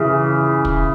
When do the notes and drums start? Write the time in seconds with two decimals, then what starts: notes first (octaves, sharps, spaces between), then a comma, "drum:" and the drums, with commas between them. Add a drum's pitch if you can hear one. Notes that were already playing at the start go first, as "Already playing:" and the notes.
Already playing: C#3 E3
0.65 drum: kick